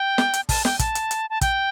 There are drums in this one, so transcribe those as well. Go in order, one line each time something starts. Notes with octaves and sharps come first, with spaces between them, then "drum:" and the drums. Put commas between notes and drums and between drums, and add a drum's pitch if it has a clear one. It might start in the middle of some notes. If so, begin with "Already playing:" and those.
Already playing: G5
drum: snare
drum: hi-hat
A5, drum: kick, open hi-hat
G5, drum: snare
A5, drum: kick, hi-hat
drum: hi-hat
drum: hi-hat
A5
G5, drum: kick, hi-hat